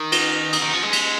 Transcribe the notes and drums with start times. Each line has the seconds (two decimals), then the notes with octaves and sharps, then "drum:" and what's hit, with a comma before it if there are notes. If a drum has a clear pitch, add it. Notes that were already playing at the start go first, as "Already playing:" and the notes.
Already playing: D#3
0.12 A#6, drum: cymbal
0.32 F7
0.53 D#6, drum: cymbal
0.62 D#3
0.73 F3 C#7
0.83 G#3
0.93 B6, drum: cymbal